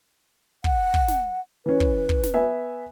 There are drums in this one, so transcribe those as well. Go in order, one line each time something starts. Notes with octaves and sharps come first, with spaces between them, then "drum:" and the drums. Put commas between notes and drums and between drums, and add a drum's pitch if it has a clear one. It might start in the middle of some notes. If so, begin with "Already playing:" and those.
F#5, drum: kick
drum: kick
drum: snare
E3 C#4 B4
drum: kick
drum: kick
drum: snare
B3 E5 G#5